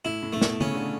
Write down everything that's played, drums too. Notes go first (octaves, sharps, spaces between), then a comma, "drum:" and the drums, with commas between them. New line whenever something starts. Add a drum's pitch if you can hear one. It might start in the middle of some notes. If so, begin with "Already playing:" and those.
A2 E4
A2
A2 A3
B2, drum: snare
C#3 C#4, drum: tom D3
D3